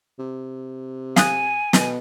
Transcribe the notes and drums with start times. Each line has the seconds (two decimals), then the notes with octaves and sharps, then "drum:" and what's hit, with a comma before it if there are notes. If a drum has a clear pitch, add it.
0.19 C3
1.16 F5 G#5 D#6 F#6, drum: snare
1.73 B2, drum: snare